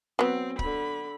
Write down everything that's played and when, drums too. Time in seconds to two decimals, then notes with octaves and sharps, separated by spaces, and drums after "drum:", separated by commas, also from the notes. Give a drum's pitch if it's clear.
0.19 F#3 B3 C4
0.59 D3 B5, drum: kick